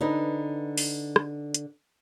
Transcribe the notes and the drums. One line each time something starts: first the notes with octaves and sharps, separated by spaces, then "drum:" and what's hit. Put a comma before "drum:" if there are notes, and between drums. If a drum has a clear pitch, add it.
D3 C4 D#4 B4
drum: open hi-hat
drum: rim click
drum: hi-hat